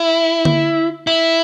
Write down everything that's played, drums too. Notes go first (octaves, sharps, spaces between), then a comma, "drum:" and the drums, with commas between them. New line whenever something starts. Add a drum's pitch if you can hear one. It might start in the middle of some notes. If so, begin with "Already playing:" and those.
Already playing: E4
drum: tom D3
E4